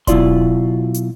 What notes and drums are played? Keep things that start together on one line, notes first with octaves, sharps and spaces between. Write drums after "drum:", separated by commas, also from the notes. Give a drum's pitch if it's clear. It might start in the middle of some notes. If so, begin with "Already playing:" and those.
B2 F#3 E4 F4 D5 C6, drum: kick D#1, hi-hat
drum: hi-hat